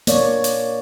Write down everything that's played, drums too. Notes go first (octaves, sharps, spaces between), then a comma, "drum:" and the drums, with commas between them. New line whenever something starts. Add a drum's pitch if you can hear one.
A#3 C#5 D5, drum: hi-hat
drum: hi-hat